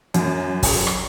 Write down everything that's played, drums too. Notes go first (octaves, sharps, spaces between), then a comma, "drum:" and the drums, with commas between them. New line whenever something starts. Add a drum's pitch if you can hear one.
F#2, drum: hi-hat
drum: kick, open hi-hat
drum: rim click